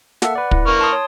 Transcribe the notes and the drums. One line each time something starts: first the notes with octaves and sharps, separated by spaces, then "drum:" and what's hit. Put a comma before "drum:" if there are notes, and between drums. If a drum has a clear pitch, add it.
A#3 A4 E5 F#5, drum: snare
B4 D5
E4, drum: kick
A#3 C#6 F6
A5 C6 D#6
C#5